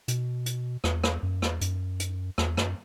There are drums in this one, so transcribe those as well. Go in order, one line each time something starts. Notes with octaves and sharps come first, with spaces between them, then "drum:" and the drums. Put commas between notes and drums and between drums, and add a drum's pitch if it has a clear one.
B2, drum: hi-hat
drum: hi-hat
E2, drum: rim click
drum: rim click
F#2
E2, drum: rim click
F#2, drum: hi-hat
drum: hi-hat
E2, drum: rim click
F#2, drum: rim click